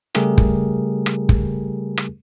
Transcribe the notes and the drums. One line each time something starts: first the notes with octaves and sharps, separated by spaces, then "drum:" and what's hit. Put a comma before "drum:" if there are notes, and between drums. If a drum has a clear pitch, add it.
C#3 G3 A3 G4 G#4 A#4, drum: rim click
drum: kick
drum: rim click
drum: kick
drum: rim click